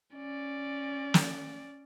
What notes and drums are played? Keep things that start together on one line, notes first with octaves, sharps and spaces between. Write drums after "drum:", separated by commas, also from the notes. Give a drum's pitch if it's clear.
C#4 D5
drum: snare